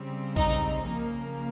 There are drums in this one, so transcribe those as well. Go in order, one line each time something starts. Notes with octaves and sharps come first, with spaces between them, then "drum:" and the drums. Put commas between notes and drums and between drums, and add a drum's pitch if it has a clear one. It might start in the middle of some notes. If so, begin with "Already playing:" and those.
Already playing: C#3 G3 C4
D#4, drum: kick A#1
C#3 F3 A#3